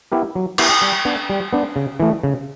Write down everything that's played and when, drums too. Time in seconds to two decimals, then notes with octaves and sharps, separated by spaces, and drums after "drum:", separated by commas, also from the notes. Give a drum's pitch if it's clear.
0.12 B3 E4 G4 A#4
0.35 F#3
0.58 B3 E4 G4 A#4, drum: cymbal
0.82 G3
1.05 B3 D4
1.29 G3
1.53 B3 D4
1.76 C#3
2.00 E3 A3
2.23 C#3